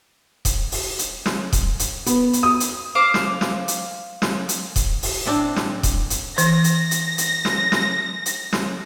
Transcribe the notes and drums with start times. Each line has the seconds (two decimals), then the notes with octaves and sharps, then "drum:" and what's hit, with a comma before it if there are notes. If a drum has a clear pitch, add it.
0.45 drum: kick D#1, hi-hat
0.72 drum: open hi-hat
0.99 drum: hi-hat
1.26 drum: snare
1.53 drum: kick D#1, hi-hat
1.79 drum: hi-hat
2.06 B3, drum: hi-hat
2.33 drum: hi-hat
2.43 D#6
2.60 drum: hi-hat
2.95 C5 F5 D6
3.14 drum: snare
3.41 drum: snare
3.68 drum: hi-hat
4.22 drum: snare
4.49 drum: hi-hat
4.76 drum: kick D#1, hi-hat
5.03 drum: open hi-hat
5.25 A2 C4 D4
5.56 drum: snare
5.83 drum: kick D#1, hi-hat
6.10 drum: hi-hat
6.38 E3 A#6, drum: hi-hat
6.64 drum: hi-hat
6.91 drum: hi-hat
7.18 drum: hi-hat
7.45 drum: snare
7.72 drum: snare
8.26 drum: hi-hat
8.53 drum: snare